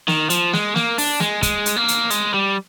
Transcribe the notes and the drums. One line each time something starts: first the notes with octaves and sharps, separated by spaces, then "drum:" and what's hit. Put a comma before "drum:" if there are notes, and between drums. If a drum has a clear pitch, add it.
D#3, drum: snare
F3, drum: hi-hat
G#3, drum: snare
A#3, drum: snare
D4, drum: open hi-hat
G#3, drum: snare
G#3, drum: kick, hi-hat
drum: hi-hat
A#3
drum: hi-hat
G#3, drum: hi-hat
G3